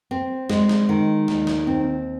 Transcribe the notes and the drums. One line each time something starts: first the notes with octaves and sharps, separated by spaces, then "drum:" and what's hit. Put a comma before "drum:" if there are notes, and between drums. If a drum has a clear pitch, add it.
C4
G#3, drum: snare
drum: snare
D#3
D#2, drum: snare
drum: snare
C4